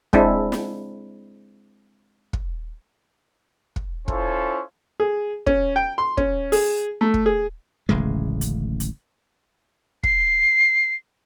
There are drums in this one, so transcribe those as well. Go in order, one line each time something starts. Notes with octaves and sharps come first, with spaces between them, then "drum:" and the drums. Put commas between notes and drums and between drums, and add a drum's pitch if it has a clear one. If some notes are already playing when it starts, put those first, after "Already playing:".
G#3 C4 D4 E4, drum: kick
drum: snare
drum: kick
drum: kick
C#4 E4 F4 A4 C5 C#5, drum: kick
G#4
C#4, drum: kick
G5
C6
C#4, drum: kick
G#4, drum: open hi-hat
A3
drum: kick
G#4
D1 A1 C#3 G#3
drum: hi-hat
drum: hi-hat
C7, drum: kick